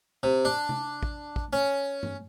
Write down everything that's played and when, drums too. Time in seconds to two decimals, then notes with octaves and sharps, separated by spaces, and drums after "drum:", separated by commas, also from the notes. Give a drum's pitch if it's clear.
0.23 C3
0.45 D4
0.69 drum: tom C3
1.03 drum: kick
1.36 drum: kick
1.53 C#4
2.03 drum: tom G2